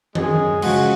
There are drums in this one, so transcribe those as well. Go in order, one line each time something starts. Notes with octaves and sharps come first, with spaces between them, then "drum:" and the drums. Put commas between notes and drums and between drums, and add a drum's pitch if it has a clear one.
F#2 G#3 G#4, drum: tom D#3
C#3 F3 G#3 F#4, drum: cymbal